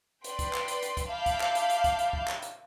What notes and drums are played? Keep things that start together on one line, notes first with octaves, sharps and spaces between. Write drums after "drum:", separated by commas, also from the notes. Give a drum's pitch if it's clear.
B4 D5 G5 C6, drum: hi-hat
drum: kick, hi-hat
drum: clap
drum: hi-hat
drum: hi-hat
drum: kick, hi-hat
E5 F5 A5 B5 D6 G6
drum: kick, hi-hat
drum: clap
drum: hi-hat
drum: hi-hat
drum: kick, hi-hat
drum: hi-hat
drum: kick
drum: clap
drum: hi-hat